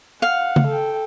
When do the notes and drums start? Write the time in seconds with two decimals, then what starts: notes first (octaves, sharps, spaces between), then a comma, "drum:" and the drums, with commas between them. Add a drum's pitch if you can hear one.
0.22 F5 F#5
0.56 drum: tom C#3
0.67 A4 G5